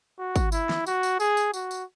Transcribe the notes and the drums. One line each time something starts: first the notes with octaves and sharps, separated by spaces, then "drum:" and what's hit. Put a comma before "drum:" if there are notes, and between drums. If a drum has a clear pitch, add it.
F#4
drum: kick, tambourine
E4, drum: tambourine
drum: snare
F#4, drum: tambourine
drum: tambourine
G#4, drum: tambourine
drum: tambourine
F#4, drum: tambourine
drum: tambourine